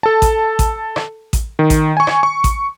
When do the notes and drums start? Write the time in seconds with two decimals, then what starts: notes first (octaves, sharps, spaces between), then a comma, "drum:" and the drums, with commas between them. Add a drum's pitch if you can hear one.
0.03 A4 A5
0.22 drum: kick A1, hi-hat
0.59 drum: kick A1, hi-hat
0.96 drum: rim click
1.33 drum: kick A1, hi-hat
1.59 D#3
1.70 drum: kick A1, hi-hat
1.97 G#5 C#6
2.07 drum: rim click
2.23 C#6
2.44 drum: kick A1, hi-hat